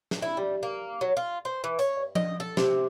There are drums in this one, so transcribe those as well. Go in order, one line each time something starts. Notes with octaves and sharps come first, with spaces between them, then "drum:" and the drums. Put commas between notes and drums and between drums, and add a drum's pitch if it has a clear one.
drum: snare
E4
G3
A#3
F#3
F4
C5
E3
C#5, drum: hi-hat
D#5, drum: tom F3
A4
C3, drum: snare